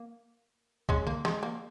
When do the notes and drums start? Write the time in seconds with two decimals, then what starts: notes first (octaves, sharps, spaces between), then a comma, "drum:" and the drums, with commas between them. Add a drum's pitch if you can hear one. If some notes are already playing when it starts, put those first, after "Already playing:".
Already playing: A#3
0.89 G#3 C#4, drum: kick
1.07 A#3, drum: tom
1.25 G#3, drum: snare
1.43 A#3